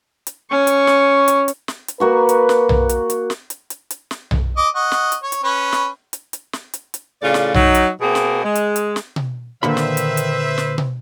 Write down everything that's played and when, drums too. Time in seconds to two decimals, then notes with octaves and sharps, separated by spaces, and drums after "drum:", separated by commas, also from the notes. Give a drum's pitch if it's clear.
0.27 drum: hi-hat
0.51 C#4 C#6
0.67 drum: hi-hat
0.87 drum: snare
1.28 drum: hi-hat
1.48 drum: hi-hat
1.68 drum: snare
1.88 drum: hi-hat
2.00 A#3 F#4 B4 C#6
2.29 drum: hi-hat
2.49 drum: snare
2.69 drum: tom B1
2.89 drum: hi-hat
3.10 drum: hi-hat
3.30 drum: snare
3.50 drum: hi-hat
3.70 drum: hi-hat
3.90 drum: hi-hat
4.11 drum: snare
4.31 drum: tom B1
4.57 D#5 D6
4.75 D#5 F#5 C#6
4.92 drum: snare
5.12 drum: hi-hat
5.23 C#5
5.32 drum: hi-hat
5.44 C#4 B4
5.72 drum: snare
6.13 drum: hi-hat
6.33 drum: hi-hat
6.53 drum: snare
6.74 drum: hi-hat
6.94 drum: hi-hat
7.22 A2 C#3 F4 D5
7.34 drum: snare
7.54 F#3 D#4, drum: tom B1
7.75 drum: hi-hat
8.01 B2 A#3 C4 G#4
8.15 drum: snare
8.44 G#3
8.55 drum: hi-hat
8.76 drum: hi-hat
8.96 drum: snare
9.16 drum: tom B2
9.63 A#2 D3 D#3 B4 C5 E5 B5
9.77 drum: snare
9.97 drum: hi-hat
10.17 drum: hi-hat
10.58 drum: snare
10.78 drum: tom B2